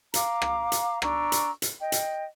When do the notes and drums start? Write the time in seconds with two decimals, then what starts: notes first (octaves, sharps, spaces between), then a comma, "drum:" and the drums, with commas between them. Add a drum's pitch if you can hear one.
0.14 F5 A#5 D6, drum: hi-hat
0.42 drum: rim click
0.72 drum: hi-hat
1.02 D4 A#5 C#6 E6, drum: rim click
1.32 drum: hi-hat
1.62 drum: hi-hat
1.80 D#5 G5
1.92 drum: hi-hat